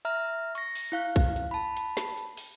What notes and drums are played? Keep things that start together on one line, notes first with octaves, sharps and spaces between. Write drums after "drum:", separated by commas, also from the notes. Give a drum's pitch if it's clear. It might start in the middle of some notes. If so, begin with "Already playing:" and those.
E5 A#5 F6
C#6 A#6, drum: hi-hat
drum: open hi-hat
E4 F5 F#6
drum: kick, hi-hat
drum: hi-hat
A5 B5
drum: hi-hat
drum: snare
drum: hi-hat
drum: open hi-hat